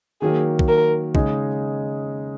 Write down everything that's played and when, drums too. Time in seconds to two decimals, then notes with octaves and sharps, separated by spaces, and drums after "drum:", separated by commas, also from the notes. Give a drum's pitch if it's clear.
0.22 D#3 F#3 A#3 G#4
0.59 drum: kick
0.68 A#4
1.15 C#3 G#3 D#4 G#4, drum: kick